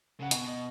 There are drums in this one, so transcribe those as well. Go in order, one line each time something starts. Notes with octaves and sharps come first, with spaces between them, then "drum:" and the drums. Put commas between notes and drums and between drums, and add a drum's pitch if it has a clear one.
C#3 F#5
B2 G#5, drum: hi-hat
D#5